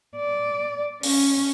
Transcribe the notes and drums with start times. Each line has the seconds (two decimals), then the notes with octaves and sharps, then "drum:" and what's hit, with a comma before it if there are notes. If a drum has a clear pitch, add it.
0.16 D5
1.03 C#4, drum: open hi-hat